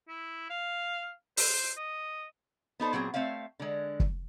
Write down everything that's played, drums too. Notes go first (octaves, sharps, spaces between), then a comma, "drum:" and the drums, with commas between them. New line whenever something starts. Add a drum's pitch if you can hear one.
E4
F5
C5, drum: open hi-hat
D#5
B3 D#4 A4 C5
A#2 F#3 C4 G#4
A3 C4 C#5 E5 F5
D3 G#3
drum: kick